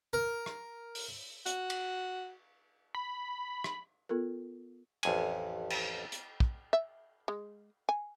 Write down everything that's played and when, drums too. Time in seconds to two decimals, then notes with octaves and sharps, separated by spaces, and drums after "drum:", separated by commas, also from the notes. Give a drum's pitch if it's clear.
0.13 A#4
0.46 drum: rim click
0.95 drum: open hi-hat
1.46 F#4, drum: hi-hat
1.70 drum: cymbal
2.95 B5
3.64 drum: rim click
4.09 B3 F4 A4 A#4
5.03 A1 F2 G#5, drum: cymbal
5.70 drum: cymbal
6.12 drum: hi-hat
6.40 drum: kick
6.73 E5
7.28 G#3
7.89 G#5